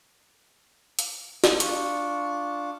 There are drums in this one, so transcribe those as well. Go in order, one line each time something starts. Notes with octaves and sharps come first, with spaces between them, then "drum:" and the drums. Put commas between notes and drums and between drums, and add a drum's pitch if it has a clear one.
drum: hi-hat
drum: snare
D4 F4 C#6 D6, drum: hi-hat